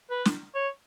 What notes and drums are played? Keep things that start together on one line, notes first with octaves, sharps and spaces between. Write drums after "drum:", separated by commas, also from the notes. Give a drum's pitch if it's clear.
B4
drum: snare
C#5